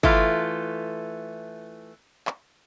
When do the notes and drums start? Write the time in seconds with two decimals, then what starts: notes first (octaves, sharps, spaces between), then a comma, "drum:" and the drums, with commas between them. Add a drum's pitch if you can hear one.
0.03 E3 A3 F4, drum: kick G1
2.27 drum: clap